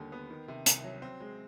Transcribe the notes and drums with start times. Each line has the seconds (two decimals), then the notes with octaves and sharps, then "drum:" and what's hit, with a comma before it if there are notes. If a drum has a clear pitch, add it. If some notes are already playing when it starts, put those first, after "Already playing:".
Already playing: D#2 D3 G3
0.12 B3
0.30 D#3
0.48 C3
0.66 C2, drum: hi-hat
0.84 F#3
1.02 C4
1.20 G#3